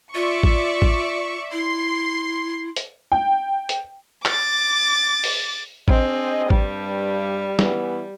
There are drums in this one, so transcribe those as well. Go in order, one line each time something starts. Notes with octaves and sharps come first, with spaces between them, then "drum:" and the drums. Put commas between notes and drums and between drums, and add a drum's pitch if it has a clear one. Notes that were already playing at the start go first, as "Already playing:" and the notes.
F4 D5 E5 C#6
drum: kick A1
drum: kick A1
E4 C6
drum: hi-hat
G5
drum: hi-hat
D6 A6, drum: clap
drum: open hi-hat
C4 D4 G#4 D#5, drum: kick A1
G2 G3, drum: kick A1
E3 B3, drum: snare